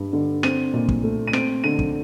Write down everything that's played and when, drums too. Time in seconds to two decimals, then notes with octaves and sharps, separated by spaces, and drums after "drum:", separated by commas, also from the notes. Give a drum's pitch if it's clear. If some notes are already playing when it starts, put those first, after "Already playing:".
Already playing: G2
0.13 D3
0.43 C4 D#7, drum: rim click
0.74 A#2
0.89 drum: kick
1.03 A3
1.28 D#7
1.33 C4 D7, drum: rim click
1.64 D3 D#7
1.79 drum: kick